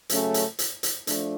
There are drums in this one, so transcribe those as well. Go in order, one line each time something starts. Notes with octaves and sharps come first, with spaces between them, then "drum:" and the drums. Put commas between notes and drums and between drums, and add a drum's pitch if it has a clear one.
C#3 F#3 A3 C#4, drum: hi-hat
drum: hi-hat
drum: hi-hat
drum: hi-hat
F3 A3 D4, drum: hi-hat